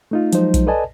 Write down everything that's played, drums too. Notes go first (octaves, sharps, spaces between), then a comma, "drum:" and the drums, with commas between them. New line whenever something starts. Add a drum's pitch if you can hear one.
A3 D#4 F4
F3 F#3 G#3 D#4 C5, drum: hi-hat
drum: kick B1, hi-hat
A4 B4 D5 D#5 G#5 A5